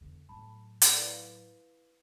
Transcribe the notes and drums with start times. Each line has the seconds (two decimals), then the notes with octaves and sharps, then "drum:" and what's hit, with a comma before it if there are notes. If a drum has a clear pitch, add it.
0.01 E2 D3
0.29 A2 F#3 A5 B5
0.82 A4 A#4 D5, drum: hi-hat
0.98 E4 B4 F5